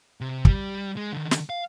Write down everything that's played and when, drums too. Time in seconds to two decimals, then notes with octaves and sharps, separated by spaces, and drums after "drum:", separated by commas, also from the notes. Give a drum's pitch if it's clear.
0.21 C3
0.45 G3, drum: kick
0.97 G#3
1.12 D3 D#3
1.31 drum: snare
1.50 F5